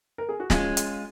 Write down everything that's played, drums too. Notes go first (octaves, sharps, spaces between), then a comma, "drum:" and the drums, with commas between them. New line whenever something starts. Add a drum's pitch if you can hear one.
A#4
G#4
F#4
G#3 C#4 F4, drum: snare
drum: hi-hat